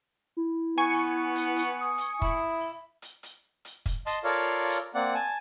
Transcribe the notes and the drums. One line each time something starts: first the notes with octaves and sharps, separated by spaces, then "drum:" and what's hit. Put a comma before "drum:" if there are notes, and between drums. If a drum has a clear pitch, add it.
E4
B3 G#5 C#6 C#7
drum: open hi-hat
drum: hi-hat
drum: hi-hat
D#6
drum: hi-hat
E4, drum: kick
drum: open hi-hat
drum: hi-hat
drum: hi-hat
drum: hi-hat
drum: kick, hi-hat
D#5 A5 C6, drum: hi-hat
F4 A4 A#4 C#5 D5 F5
drum: hi-hat
A#3 C4 D5 F#5
G#5 A5